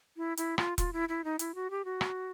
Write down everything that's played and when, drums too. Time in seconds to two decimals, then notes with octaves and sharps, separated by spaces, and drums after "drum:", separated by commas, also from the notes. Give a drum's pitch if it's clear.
0.17 E4
0.37 E4, drum: hi-hat
0.58 F4, drum: rim click
0.78 F4, drum: kick E1, hi-hat
0.93 E4
1.09 E4
1.24 D#4
1.39 E4, drum: hi-hat
1.55 F#4
1.70 G4
1.85 F#4
2.01 drum: rim click